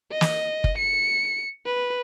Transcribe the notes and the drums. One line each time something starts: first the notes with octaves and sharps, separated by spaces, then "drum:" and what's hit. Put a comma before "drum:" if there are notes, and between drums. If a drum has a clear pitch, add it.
D#5
drum: snare
drum: kick
C#7
B4